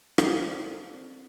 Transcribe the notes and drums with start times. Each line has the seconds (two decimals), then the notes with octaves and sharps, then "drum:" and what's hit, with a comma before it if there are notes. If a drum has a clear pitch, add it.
0.18 D4 A4, drum: rim click
0.27 A#4
0.35 C5
0.44 A4 D5
0.69 A4
0.94 C4